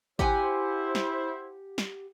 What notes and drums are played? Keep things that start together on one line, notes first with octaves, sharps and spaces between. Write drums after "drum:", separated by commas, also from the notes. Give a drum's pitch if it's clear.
E4 G4 C5 F#5 G#5, drum: kick G#1
drum: snare
drum: snare